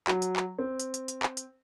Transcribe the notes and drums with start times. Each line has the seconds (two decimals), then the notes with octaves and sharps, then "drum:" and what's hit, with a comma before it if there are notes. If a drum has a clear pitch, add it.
0.08 F#3, drum: clap
0.22 drum: hi-hat
0.36 drum: clap
0.59 C4
0.80 drum: hi-hat
0.94 drum: hi-hat
1.08 drum: hi-hat
1.23 drum: clap
1.37 drum: hi-hat